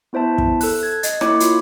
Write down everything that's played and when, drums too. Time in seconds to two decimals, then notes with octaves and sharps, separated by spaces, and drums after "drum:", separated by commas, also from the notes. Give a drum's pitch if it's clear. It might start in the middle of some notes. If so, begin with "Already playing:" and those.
0.13 B3 E4 C5 E5 A5
0.38 drum: kick
0.61 A4 F#6, drum: open hi-hat
0.83 G#6
1.03 D#5 A6, drum: hi-hat
1.21 A#3 E4 C#5 B5 D6 C#7, drum: rim click
1.40 F4, drum: hi-hat